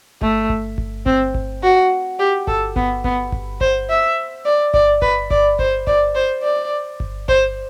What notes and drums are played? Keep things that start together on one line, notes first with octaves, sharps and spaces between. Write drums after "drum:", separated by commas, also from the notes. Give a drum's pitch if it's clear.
A3, drum: kick G1
drum: kick G1
drum: kick G1
C4, drum: kick G1
drum: kick G1
F#4
G4
A4, drum: kick G1
B3, drum: kick G1
B3, drum: kick G1
drum: kick G1
C5, drum: kick G1
E5
D5
D5, drum: kick G1
B4, drum: kick G1
D5, drum: kick G1
C5, drum: kick G1
D5, drum: kick G1
C5
D5
drum: kick G1
C5, drum: kick G1